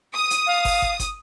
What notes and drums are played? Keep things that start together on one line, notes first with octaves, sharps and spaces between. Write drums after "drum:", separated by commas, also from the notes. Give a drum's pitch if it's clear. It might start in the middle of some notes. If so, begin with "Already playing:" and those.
D#6
drum: hi-hat
F5
drum: kick, open hi-hat
drum: kick
drum: kick, hi-hat